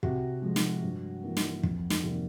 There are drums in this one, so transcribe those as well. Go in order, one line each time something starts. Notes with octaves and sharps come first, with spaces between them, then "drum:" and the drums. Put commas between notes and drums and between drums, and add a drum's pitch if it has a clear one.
C3 F#4, drum: kick
F3 G#3
drum: snare
G2
E3 G3 A#3
drum: snare
F2, drum: kick
drum: snare
C3 D#3 G3 A#3